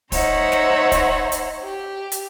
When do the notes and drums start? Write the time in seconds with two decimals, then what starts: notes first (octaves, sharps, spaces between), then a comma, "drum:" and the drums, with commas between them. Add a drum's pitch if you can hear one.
0.12 D#4 C5 C#5 E5 F#5 A#5, drum: kick, open hi-hat
0.52 drum: snare
0.92 drum: kick, hi-hat
1.32 drum: hi-hat
1.64 G4
2.12 drum: hi-hat